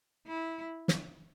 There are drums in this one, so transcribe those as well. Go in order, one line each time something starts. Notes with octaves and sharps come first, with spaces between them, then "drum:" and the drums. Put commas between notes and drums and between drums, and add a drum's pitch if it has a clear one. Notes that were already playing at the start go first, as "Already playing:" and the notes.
E4
drum: snare